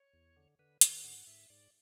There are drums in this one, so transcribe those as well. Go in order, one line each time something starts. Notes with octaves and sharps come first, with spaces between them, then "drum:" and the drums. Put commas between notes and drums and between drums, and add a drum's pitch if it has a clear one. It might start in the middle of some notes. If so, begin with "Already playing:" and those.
Already playing: C#5
E2
D3
D3 B4
D3 B4, drum: hi-hat
G#2 F#5
G#2 E5
G#2 D5